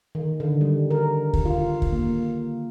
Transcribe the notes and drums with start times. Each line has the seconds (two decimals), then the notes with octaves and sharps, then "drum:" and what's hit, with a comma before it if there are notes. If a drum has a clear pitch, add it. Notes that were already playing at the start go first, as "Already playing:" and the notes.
0.15 D#3
0.40 D3
0.61 G3
0.91 A#4
1.33 drum: kick
1.45 F4
1.82 drum: kick
1.92 A#3